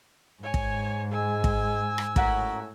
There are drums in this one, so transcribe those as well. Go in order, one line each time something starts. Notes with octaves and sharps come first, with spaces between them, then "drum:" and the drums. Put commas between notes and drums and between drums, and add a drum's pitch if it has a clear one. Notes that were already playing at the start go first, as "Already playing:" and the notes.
G#2 C#5 G#5
drum: kick
G#3 G#5 E6
drum: kick
drum: rim click
A2 C#4 F#4 A#4, drum: kick